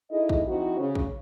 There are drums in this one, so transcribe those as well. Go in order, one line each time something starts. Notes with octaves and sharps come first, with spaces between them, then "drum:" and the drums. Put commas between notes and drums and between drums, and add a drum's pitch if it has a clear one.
D#4 E4 G#4 A4 D#5
drum: kick
F3 C4 D#4 E4 F#4
C#3
drum: kick